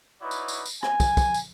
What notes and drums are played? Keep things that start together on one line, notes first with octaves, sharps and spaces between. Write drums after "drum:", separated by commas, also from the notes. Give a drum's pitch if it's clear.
D#4 E4 F#4 B4 C#5 D5
drum: tambourine
drum: tambourine
drum: tambourine
G#5, drum: rim click
drum: kick, tambourine
drum: kick, tambourine
drum: tambourine